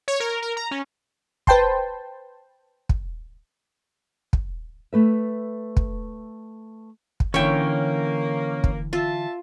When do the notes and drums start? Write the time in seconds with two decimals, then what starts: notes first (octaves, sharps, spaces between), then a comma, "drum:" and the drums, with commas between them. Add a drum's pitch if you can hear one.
0.08 C#5
0.20 A#4
0.42 A#4
0.57 A#5
0.71 C#4
1.47 B4 C5 G5 A5 C6, drum: kick
2.89 drum: kick
4.33 drum: kick
4.93 A3 B4 E5
5.77 drum: kick
7.20 drum: kick
7.34 D3 E3 A#3 C#4 C#5 E5 G5
8.64 drum: kick
8.93 F4 E5 A5